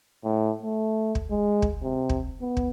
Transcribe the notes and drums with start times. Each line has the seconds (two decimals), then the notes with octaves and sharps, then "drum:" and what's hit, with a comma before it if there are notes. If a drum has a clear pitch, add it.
0.25 A2
0.63 A3
1.15 drum: kick
1.31 G#3
1.62 drum: kick
1.83 C3
2.09 drum: kick
2.41 B3
2.57 drum: kick